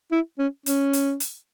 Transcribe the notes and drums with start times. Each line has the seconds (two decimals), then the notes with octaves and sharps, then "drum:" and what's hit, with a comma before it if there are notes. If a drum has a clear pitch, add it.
0.12 E4
0.39 C#4
0.66 C#4, drum: hi-hat
0.93 drum: hi-hat
1.20 drum: hi-hat